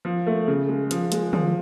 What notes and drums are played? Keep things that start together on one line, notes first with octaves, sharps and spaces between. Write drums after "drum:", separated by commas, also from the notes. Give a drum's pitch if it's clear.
F3
A3
C#3
G#3
F3, drum: hi-hat
G#3, drum: hi-hat
F3, drum: tom D3